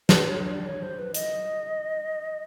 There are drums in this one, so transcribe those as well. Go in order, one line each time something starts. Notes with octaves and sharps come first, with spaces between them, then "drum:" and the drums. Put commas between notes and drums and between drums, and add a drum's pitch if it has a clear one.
B4, drum: snare
C#5
C#5
D5
C#5
C5
B4
D#5, drum: hi-hat